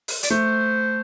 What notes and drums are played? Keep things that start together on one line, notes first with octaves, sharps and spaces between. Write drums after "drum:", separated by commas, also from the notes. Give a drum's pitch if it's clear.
drum: open hi-hat
D5, drum: hi-hat
A3 C5